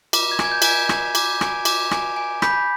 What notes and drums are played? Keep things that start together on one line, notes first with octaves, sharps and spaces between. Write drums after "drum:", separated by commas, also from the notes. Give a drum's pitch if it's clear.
D6, drum: cymbal
G#6
G#5, drum: rim click
G#6
G6
G#5 B6, drum: cymbal
G#6
G#5, drum: rim click
D6, drum: cymbal
G#5, drum: rim click
D6, drum: cymbal
G#5, drum: rim click
G#5
B5 G6 B6, drum: rim click